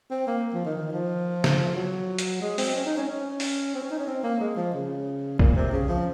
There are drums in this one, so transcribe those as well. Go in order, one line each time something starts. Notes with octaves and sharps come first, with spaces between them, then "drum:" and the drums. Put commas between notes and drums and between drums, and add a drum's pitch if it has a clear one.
C4
A#3
F3
D#3
D#3
F3
drum: snare
F#3
drum: hi-hat
G#3
C4, drum: open hi-hat
C#4
D#4
C#4
C#4
drum: open hi-hat
C4
C#4
D#4
C#4
C4
A#3
G#3
F3
C#3
A#2, drum: kick B1
C3
C#3
F3